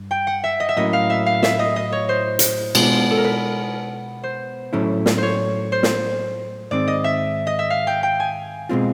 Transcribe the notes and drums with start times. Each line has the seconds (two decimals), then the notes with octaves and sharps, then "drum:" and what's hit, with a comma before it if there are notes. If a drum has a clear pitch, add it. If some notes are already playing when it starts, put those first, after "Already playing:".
Already playing: G2
0.11 G5
0.27 F#5
0.44 E5
0.60 D#5
0.69 E5
0.77 A2 F#3 A#3 C#4 E4 D#5
0.93 F5
1.10 E5
1.26 F5
1.43 E5, drum: snare
1.59 D#5
1.76 D#5
1.92 C#5
2.09 C5
2.39 drum: hi-hat
2.75 B2 G#3 B3 D4 F4, drum: cymbal
3.10 A4
3.17 A#4
3.24 B4
4.23 C5
4.73 A2 F#3 A3 C#4 E4
5.06 drum: snare
5.18 C5 C#5
5.72 C5
5.83 drum: snare
6.71 G#2 D#3 G#3 C4 D5
6.87 D#5
7.04 E5
7.47 D#5
7.59 E5
7.70 F5
7.87 G5
8.03 G5
8.20 G#5
8.69 B2 G#3 C4 F4